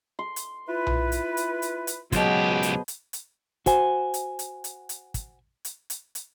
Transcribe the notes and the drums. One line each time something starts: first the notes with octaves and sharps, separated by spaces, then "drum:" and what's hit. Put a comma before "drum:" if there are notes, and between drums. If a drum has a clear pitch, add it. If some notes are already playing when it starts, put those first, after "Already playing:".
C6
drum: hi-hat
E4 F4 B4
drum: tom B1
drum: hi-hat
drum: hi-hat
drum: hi-hat
drum: hi-hat
C#2 B2 F#3 G4 G#4 C5, drum: kick, hi-hat
drum: hi-hat
drum: hi-hat
drum: hi-hat
F#4 C5 G#5, drum: kick, hi-hat
drum: hi-hat
drum: hi-hat
drum: hi-hat
drum: hi-hat
drum: kick, hi-hat
drum: hi-hat
drum: hi-hat
drum: hi-hat